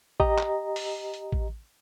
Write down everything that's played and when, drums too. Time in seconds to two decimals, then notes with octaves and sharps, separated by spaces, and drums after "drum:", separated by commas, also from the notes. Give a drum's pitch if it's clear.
0.20 G4 D#5 A#5, drum: kick A1
0.38 drum: clap
0.76 drum: open hi-hat
1.14 drum: hi-hat
1.32 drum: kick A1